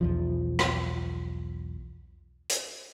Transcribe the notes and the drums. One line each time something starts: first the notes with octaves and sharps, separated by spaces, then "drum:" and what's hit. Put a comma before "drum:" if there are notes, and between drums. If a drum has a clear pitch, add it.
B1 E2 F3
drum: rim click
drum: hi-hat